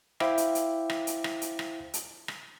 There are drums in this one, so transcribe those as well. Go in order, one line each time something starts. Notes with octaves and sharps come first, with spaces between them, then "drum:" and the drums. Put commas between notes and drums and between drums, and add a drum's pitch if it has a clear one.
E4 C5 E5 F5 G5 D6, drum: rim click
drum: hi-hat
drum: hi-hat
drum: rim click
drum: hi-hat
drum: rim click
drum: hi-hat
drum: rim click
drum: hi-hat
drum: rim click